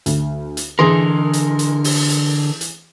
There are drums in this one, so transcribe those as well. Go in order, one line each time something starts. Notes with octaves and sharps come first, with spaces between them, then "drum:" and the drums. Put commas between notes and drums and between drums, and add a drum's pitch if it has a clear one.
D2, drum: hi-hat
drum: hi-hat
D3 E3 G#4 A#4 C6
drum: hi-hat
drum: hi-hat
drum: open hi-hat
drum: hi-hat
drum: hi-hat